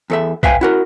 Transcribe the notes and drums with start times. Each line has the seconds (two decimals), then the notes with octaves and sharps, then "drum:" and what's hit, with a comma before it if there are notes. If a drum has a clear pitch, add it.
0.10 E2 A4 E5
0.43 B4 E5 F5 G5 G#5, drum: kick B1
0.61 E4 F#4 A#4